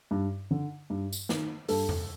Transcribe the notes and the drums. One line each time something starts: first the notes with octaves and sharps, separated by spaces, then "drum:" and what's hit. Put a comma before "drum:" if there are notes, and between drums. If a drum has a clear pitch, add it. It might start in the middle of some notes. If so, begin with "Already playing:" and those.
G2
D3
G2
drum: tambourine
D#3, drum: snare
G2 A4, drum: open hi-hat
drum: tom E2